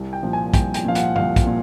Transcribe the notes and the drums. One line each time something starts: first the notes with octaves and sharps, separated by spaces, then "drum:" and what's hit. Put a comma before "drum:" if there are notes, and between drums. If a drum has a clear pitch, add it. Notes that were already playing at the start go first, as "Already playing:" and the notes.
Already playing: C2
G5
A#2 F3
G#5
C2 G5, drum: kick, hi-hat
G5, drum: hi-hat
A#2 F3 F5
F#5, drum: hi-hat
C2 F5, drum: tom G2
drum: kick, hi-hat
A#2